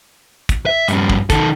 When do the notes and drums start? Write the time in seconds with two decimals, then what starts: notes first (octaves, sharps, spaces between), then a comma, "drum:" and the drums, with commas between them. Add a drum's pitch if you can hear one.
0.49 drum: kick, hi-hat
0.66 E5
0.88 G2 C#4, drum: hi-hat
1.10 drum: kick
1.30 D#3 A4, drum: kick, hi-hat